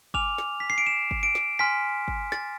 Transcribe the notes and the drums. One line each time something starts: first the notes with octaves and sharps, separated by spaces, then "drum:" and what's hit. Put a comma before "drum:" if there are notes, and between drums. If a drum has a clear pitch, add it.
G#5 D6 F6 F7, drum: kick G1
drum: snare
B6
C7
D7
E7
drum: kick G1
D7
drum: snare
G#5 C6 F6 B6
drum: kick G1
A6, drum: snare